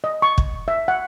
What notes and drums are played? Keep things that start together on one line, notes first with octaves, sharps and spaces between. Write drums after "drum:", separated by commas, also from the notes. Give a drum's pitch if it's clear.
D#5
C#6
drum: kick
E5
F#5